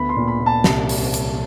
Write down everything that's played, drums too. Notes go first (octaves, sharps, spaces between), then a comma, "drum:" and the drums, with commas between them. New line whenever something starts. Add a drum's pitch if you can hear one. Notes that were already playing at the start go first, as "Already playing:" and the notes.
Already playing: D2 B3 B5
C6
A#2
B5
A#2
A5
C2, drum: snare
drum: open hi-hat
drum: hi-hat